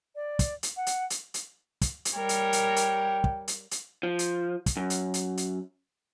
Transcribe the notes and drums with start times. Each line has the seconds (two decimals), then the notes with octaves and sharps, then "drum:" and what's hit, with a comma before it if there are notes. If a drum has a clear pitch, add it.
0.15 D5
0.39 drum: kick, hi-hat
0.63 drum: hi-hat
0.77 F#5
0.87 drum: hi-hat
1.10 drum: hi-hat
1.34 drum: hi-hat
1.81 drum: kick, hi-hat
2.05 drum: hi-hat
2.15 G3 A#4 C#5 G5
2.29 drum: hi-hat
2.53 drum: hi-hat
2.76 drum: hi-hat
3.24 drum: kick
3.48 drum: hi-hat
3.71 drum: hi-hat
4.03 F3
4.19 drum: hi-hat
4.66 drum: kick, hi-hat
4.77 F#2
4.90 drum: hi-hat
5.14 drum: hi-hat
5.37 drum: hi-hat